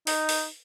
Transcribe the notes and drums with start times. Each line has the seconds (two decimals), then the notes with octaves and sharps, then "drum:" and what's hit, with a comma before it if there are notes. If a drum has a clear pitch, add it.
0.07 D#4, drum: open hi-hat
0.29 drum: open hi-hat